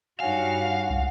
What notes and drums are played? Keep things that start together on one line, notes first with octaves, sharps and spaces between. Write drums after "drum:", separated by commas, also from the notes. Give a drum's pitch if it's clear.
G2 D#4 F#4 C#5 F5 F#5 G#5
drum: kick